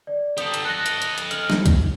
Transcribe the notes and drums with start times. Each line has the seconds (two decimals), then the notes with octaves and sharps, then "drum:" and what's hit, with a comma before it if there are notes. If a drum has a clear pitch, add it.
0.07 D5
0.38 G4 A4 D#6, drum: hi-hat
0.54 drum: hi-hat
0.65 A4 D#5 F#6 A#6
0.86 drum: hi-hat
1.02 drum: hi-hat
1.18 drum: hi-hat
1.31 F6 F#7, drum: hi-hat
1.50 drum: snare
1.66 drum: kick C2, hi-hat